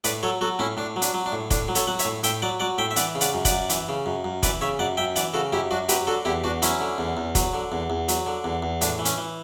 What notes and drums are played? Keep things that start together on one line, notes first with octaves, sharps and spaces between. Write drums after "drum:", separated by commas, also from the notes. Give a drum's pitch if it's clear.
A2 B4 D5, drum: hi-hat
F#3 A4 C#5
F#3 F#4 A4
A2 C#4 E4
A2 D4
F#3
D4, drum: hi-hat
F#3
D4
A2
A2 D4, drum: kick, hi-hat
F#3
A4 C#5, drum: hi-hat
F#3 F#5
C#5 E5, drum: hi-hat
A2
A2 E5 G5, drum: hi-hat
F#3 D5 F#5
F#3 D5 F#5
A2 E5 G5
E5
E3 D5 F#5, drum: hi-hat
C#3
D5 F#5, drum: hi-hat
F#2
D5 F#5, drum: kick, hi-hat
F#2
E3, drum: hi-hat
C#3
F#2
F#2
E3 B4 D5, drum: kick, hi-hat
C#3 C#5 E5
F#2 D5 F#5
F#2 E5 G5
E3 D5 F#5, drum: hi-hat
C#3 F#4 A4
F#2 E4 G4
F#2 D4 F#4
F#3 G4 B4, drum: hi-hat
D3 F#4 A4
E2 E4 G4
E2 D4 F#4
F#3 C#4 E4, drum: hi-hat
D3
E2
E2
F#3, drum: kick, hi-hat
D3
E2
E2
F#3, drum: hi-hat
D3
E2
E2
A2 D4, drum: hi-hat
E3
C#4, drum: hi-hat
E3